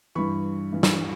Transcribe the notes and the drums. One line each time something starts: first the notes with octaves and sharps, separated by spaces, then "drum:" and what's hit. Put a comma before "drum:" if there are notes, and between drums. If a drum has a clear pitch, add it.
G2 E3 B5 C#6
G2 E3
drum: snare